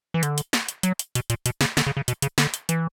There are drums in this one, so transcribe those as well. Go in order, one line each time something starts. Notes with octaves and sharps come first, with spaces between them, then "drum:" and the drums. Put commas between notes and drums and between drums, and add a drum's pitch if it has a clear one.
E3
D3, drum: hi-hat
drum: hi-hat
drum: snare
drum: hi-hat
F#3, drum: hi-hat
drum: hi-hat
B2, drum: hi-hat
A#2, drum: hi-hat
B2, drum: hi-hat
C#3, drum: snare
D3, drum: snare
C#3
C#3
B2, drum: hi-hat
C#3, drum: hi-hat
D3, drum: snare
drum: hi-hat
E3, drum: hi-hat